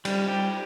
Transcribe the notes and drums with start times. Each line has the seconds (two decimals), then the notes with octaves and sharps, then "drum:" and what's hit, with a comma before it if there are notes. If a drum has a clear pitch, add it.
0.05 G3, drum: cymbal
0.28 G4